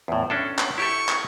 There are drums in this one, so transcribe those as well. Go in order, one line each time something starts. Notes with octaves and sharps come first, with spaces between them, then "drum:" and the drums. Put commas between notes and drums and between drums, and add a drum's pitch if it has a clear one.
E2 A2
C#4 D4 A4
drum: clap
E4 G4 A4 C#6
drum: clap